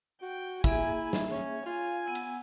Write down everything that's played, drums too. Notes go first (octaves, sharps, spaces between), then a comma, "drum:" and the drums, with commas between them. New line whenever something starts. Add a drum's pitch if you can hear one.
F#4 G5
A#3 E4 G#4 E5 G#5, drum: kick
drum: snare
C#4 C#5
F4 F5 G#5
B3 F#5 E6
drum: cymbal